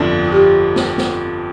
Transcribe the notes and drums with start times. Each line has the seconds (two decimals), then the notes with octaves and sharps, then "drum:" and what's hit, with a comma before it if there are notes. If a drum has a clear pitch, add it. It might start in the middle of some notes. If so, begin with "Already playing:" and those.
Already playing: G1 F2 F3 D4
0.25 F4
0.32 G4
0.76 F4, drum: snare
0.98 drum: snare